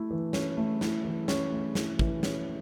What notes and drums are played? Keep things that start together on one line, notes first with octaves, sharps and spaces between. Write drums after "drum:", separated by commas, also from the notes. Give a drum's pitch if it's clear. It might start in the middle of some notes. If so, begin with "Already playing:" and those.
Already playing: A3 E4
E3
C#4, drum: snare
A3
E4, drum: snare
E3
C#4, drum: snare
A3
E4, drum: snare
E3, drum: kick
C#4, drum: snare